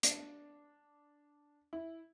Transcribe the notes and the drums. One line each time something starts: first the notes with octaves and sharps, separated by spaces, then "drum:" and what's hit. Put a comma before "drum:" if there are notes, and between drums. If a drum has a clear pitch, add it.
D4, drum: hi-hat
E4